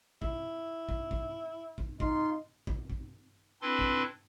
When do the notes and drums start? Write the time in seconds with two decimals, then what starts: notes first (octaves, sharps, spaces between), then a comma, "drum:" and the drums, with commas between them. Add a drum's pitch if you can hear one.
0.22 E4, drum: kick
0.89 drum: kick
1.11 drum: kick
1.78 drum: kick
2.00 D#4 F4 C6, drum: kick
2.67 drum: kick
2.90 drum: kick
3.62 C4 D4 E4 A4 B4 C6
3.79 drum: kick